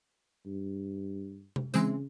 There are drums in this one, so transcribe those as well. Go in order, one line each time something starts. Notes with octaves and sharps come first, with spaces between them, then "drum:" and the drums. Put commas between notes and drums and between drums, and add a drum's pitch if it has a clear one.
G2
drum: tom C3
C#3 E3 G#3 C4, drum: tambourine